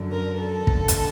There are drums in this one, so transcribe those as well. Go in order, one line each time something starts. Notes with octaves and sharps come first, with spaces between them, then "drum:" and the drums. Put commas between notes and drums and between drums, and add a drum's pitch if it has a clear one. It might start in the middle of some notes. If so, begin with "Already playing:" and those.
Already playing: F#2 D3
A#4
A4
D#2 D3, drum: kick
drum: hi-hat